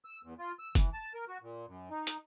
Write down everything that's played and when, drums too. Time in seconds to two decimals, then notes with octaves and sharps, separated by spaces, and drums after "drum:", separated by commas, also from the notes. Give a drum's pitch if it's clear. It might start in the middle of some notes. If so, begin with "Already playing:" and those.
0.05 E6
0.23 E2
0.39 F4
0.59 E6
0.75 E3, drum: kick F#1, hi-hat
0.94 A5
1.14 A#4
1.28 F#4
1.42 A#2
1.68 F#2
1.90 D#4
2.07 drum: hi-hat